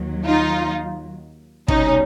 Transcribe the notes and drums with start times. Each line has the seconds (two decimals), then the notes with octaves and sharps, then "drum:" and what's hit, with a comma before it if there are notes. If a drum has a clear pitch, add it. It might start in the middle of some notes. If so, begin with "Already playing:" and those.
Already playing: D#2 D#3 F#3
0.27 D#4 F4
1.68 C2 B2 G3 C#4 D#4, drum: kick